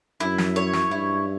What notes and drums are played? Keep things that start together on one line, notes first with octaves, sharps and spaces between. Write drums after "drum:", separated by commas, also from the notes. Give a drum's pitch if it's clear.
F#2 E4
drum: snare
C#5
drum: snare
G2 E4